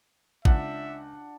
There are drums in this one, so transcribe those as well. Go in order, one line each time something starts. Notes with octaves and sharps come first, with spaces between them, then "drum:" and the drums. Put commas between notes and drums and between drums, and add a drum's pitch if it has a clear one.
C#2 D4 E5 F#5, drum: kick A1